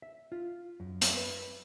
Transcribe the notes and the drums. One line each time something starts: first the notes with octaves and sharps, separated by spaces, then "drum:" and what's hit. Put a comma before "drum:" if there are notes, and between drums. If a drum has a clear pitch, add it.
E5
F4
F#2
drum: hi-hat
B4